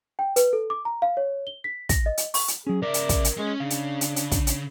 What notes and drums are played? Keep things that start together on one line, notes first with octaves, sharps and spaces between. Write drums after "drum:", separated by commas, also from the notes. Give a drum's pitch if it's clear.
G5
B4, drum: hi-hat
A4
D6
A#5
F5
C#5
G7
B6
A#6, drum: kick, hi-hat
D#5
drum: hi-hat
C#6, drum: open hi-hat
drum: hi-hat
F#3 C#4 G#4
C#3 A#4 D5 E5
drum: hi-hat
drum: kick, hi-hat
drum: hi-hat
G#3 C#4 G#5
C#3 D4 F5
drum: hi-hat
drum: hi-hat
drum: hi-hat
drum: kick, hi-hat
drum: hi-hat